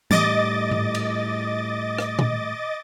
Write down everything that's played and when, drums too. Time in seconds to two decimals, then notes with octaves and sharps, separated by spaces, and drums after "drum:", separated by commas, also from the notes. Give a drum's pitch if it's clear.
0.11 A2 G3 D#5 D6 A6, drum: tom E3
0.71 drum: tom G#2
0.95 drum: cymbal
1.98 drum: rim click
2.19 drum: tom A#2